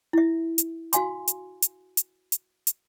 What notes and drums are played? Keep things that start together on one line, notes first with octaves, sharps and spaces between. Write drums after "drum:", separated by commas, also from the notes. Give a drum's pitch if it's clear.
E4 E5
drum: hi-hat
F#4 F5 G#5 C6, drum: hi-hat
drum: hi-hat
drum: hi-hat
drum: hi-hat
drum: hi-hat
drum: hi-hat